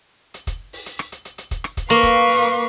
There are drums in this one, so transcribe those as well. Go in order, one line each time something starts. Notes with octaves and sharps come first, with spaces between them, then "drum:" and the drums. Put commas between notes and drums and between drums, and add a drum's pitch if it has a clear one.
drum: hi-hat
drum: kick, hi-hat
drum: open hi-hat
drum: hi-hat
drum: rim click
drum: hi-hat
drum: hi-hat
drum: hi-hat
drum: kick, hi-hat
drum: rim click
drum: kick, hi-hat
A#3 B4 F5 C#6, drum: hi-hat
drum: kick, hi-hat
drum: open hi-hat
drum: hi-hat